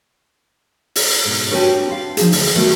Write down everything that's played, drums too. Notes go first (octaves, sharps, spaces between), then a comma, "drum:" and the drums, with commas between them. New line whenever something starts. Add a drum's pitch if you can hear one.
drum: open hi-hat
G#2 B2
C4 D4 F#4 G4 B4 C#5
F4 F5
F3 D#4 G#4, drum: hi-hat
D2, drum: open hi-hat
D#3 G3 A3 B3 F#4